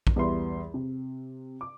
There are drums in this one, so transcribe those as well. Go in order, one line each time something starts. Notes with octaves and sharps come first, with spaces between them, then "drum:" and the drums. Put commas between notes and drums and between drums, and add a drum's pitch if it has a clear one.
drum: kick A#1
E2 G3 B3 E5 C6
C3
D6